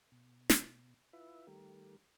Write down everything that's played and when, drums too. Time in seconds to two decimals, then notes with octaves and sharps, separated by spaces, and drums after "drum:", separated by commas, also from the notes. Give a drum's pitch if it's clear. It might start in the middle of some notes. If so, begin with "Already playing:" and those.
0.12 B2
0.50 drum: snare
1.13 E4 F4 B4 E5
1.47 D#3 G3 A3 G4 A#4